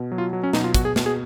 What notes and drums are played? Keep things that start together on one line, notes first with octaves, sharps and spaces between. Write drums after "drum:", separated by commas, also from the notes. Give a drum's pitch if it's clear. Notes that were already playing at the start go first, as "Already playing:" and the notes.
Already playing: B2
F#3
F4
F#3
C#4
B2 D#4, drum: snare
F4
B2 F#4, drum: kick, hi-hat
G#4
B2, drum: snare
G#4